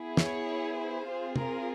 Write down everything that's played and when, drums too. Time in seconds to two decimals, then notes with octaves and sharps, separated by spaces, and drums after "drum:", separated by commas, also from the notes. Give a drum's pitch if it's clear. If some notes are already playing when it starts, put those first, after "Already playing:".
Already playing: B3 E4 G#4
0.17 C#5, drum: snare
0.76 C5
1.07 C4 F4 G#4
1.36 A#4, drum: tom